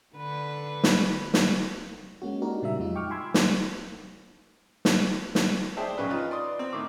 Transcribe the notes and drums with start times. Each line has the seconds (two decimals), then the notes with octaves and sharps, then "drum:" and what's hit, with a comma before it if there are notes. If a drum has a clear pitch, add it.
0.16 D3 B4
0.84 drum: snare
1.34 drum: snare
2.22 G#3 A#3 C#4 F#4
2.42 D4 D#4 F#4 G4 A#4
2.62 A#2 C#3 G3 E5
2.79 F2 F#3 G#3 D#4 F4
2.95 G5 C#6 D6 F6
3.10 G#5 B5 C6 D6 E6 G#6
3.34 drum: snare
4.85 drum: snare
5.35 drum: snare
5.77 G#4 C5 D5 E5 G5 A5
5.98 A#1 C#3 C#4 B4
6.10 D#4 F4 B4
6.31 D5 C6 D#6
6.59 C4
6.73 A2 D#3 D6